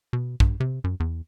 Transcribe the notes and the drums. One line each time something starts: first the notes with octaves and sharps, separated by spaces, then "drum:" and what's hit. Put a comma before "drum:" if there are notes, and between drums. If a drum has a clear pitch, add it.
B2
G2, drum: kick A#1
C3
F#2
E2